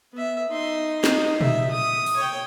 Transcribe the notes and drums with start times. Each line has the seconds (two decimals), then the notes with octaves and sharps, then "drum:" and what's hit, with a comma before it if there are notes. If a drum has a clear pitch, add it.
0.13 B3 E5
0.49 D#4 C6
1.04 D#4, drum: snare
1.41 E5, drum: tom A#2
1.71 D#6
2.06 drum: open hi-hat
2.16 C#5 G5